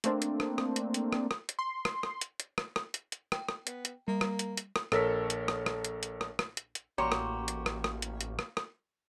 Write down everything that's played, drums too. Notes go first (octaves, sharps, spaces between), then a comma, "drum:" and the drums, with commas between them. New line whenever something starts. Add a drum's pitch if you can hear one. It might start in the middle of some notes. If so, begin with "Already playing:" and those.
A3 A#3 C4 D4, drum: hi-hat
drum: hi-hat
drum: rim click
drum: rim click
drum: hi-hat
drum: hi-hat
drum: rim click
drum: rim click
drum: hi-hat
C6
drum: rim click
drum: rim click
drum: hi-hat
drum: hi-hat
drum: rim click
drum: rim click
drum: hi-hat
drum: hi-hat
G5, drum: rim click
drum: rim click
B3, drum: hi-hat
drum: hi-hat
G3 A#3
drum: rim click
drum: hi-hat
drum: hi-hat
drum: rim click
A#1 A4 A#4 C#5 E6 B6, drum: rim click
drum: hi-hat
drum: rim click
drum: rim click
drum: hi-hat
drum: hi-hat
drum: rim click
drum: rim click
drum: hi-hat
drum: hi-hat
A1 A#3 F#4 G4 C#5 A#5 C6
drum: rim click
drum: hi-hat
drum: rim click
drum: rim click
drum: hi-hat
drum: hi-hat
drum: rim click
drum: rim click